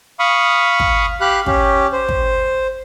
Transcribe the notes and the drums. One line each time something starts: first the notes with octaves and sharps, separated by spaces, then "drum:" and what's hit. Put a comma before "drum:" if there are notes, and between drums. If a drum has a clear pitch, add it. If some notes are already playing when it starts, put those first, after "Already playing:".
F5 B5 C#6 D#6
drum: kick
G4 F5 B5 F#6
C#4 G4, drum: kick
C5
drum: kick